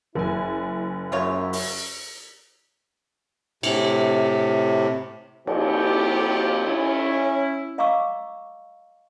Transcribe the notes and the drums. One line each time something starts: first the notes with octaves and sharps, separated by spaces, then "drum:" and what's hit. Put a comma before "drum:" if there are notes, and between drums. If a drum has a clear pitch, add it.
F#1 E4 G#5
F#2 C#3 F4 C#5 E5
drum: open hi-hat
A2 C3, drum: cymbal
F3 A#3 C4 E4 F#4 G4, drum: cymbal
C#4 E4
D#5 F5 A#5 C#6 D6 E6